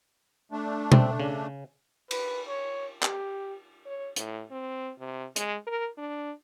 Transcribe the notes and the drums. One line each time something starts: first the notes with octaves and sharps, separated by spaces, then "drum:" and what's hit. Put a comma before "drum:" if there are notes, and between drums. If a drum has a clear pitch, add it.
A3 D4
C4, drum: tom B2
C#3
B4, drum: cymbal
C#5
G4, drum: clap
C#5
A2, drum: hi-hat
C4
C3
G#3, drum: hi-hat
A#4
D4